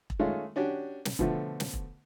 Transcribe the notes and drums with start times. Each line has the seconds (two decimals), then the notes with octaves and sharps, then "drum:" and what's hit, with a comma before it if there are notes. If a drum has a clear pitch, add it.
0.10 drum: kick E1
0.19 D#3 G#3 A3 C#4 D#4 F4
0.56 C#4 D4 F#4 G4
1.05 drum: snare
1.19 B2 D3 F3 A3, drum: kick E1
1.60 drum: snare
1.73 drum: kick E1